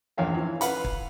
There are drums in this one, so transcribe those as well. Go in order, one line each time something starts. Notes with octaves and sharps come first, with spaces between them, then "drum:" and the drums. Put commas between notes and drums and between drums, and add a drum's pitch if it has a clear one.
A#1 E2 C#5 F5 G5
E3
B4 F5 F#5 B5, drum: hi-hat
drum: kick